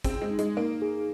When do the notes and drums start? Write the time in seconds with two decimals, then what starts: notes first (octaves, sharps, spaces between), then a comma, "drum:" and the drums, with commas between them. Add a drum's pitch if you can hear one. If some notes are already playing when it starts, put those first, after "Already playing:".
0.04 C4 G#4, drum: kick, hi-hat
0.22 G#3
0.31 D#4
0.39 G#3, drum: hi-hat
0.57 A#3 D#4
0.82 G#4